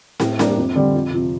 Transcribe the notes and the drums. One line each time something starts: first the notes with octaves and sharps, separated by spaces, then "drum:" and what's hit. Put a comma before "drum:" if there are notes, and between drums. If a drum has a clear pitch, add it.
A2, drum: snare
G3 A#3 D4, drum: snare
F2
D3 G3 C4
F2
C3 F3